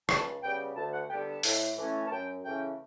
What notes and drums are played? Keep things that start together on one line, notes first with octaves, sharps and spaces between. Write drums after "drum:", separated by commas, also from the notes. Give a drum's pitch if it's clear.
C#2 A5, drum: rim click
C#3 G3 B3 G5
D2 A5
F#5
D3 G3 B3 G5
A5
A2, drum: open hi-hat
E3 A3 C#4
A5
F#2 G5
C#3 E3 A3 C#4 G5